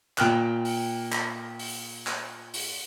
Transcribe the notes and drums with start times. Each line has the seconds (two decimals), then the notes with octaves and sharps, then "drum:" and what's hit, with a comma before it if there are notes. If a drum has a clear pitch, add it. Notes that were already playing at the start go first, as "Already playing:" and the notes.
0.18 A#2 G5 F6 F#6, drum: clap
0.65 drum: open hi-hat
1.12 drum: clap
1.59 drum: open hi-hat
2.07 drum: clap
2.54 drum: open hi-hat